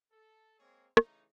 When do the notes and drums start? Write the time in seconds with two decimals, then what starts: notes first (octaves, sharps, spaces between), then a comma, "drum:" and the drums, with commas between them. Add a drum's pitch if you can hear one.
0.11 A4
0.58 G#3 A#3 C4 G#4 C#5
0.97 C#3 E3 A3 D#4, drum: rim click